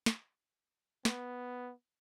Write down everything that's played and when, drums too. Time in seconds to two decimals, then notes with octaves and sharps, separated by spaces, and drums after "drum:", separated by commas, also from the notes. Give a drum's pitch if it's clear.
0.06 drum: snare
1.05 B3, drum: snare